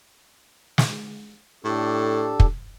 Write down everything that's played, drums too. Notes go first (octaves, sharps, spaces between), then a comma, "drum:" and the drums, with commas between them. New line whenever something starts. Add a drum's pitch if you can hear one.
drum: snare
A2 D4 G4 A4
drum: kick